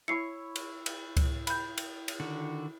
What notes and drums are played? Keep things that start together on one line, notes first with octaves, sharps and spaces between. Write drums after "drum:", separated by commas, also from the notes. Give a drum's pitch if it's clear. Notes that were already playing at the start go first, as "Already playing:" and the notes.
E4 C#5 C#6 C7 C#7
drum: cymbal
drum: cymbal
drum: kick C#2, cymbal
B5 G6, drum: cymbal
drum: cymbal
drum: cymbal
D3 D#3 F#4